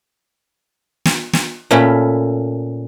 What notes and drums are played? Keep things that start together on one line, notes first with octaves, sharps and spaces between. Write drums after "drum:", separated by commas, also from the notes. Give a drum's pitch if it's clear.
drum: snare
drum: snare
A#2 A3 C#4 B5